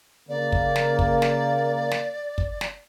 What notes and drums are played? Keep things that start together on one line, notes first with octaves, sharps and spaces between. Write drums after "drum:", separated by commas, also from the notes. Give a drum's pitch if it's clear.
C#3 A#3 D5
drum: kick
drum: snare
drum: kick
drum: snare
drum: snare
drum: kick
drum: snare